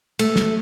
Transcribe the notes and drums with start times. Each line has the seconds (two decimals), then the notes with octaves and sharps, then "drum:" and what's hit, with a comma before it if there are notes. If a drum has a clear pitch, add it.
0.19 A3, drum: cymbal
0.36 drum: snare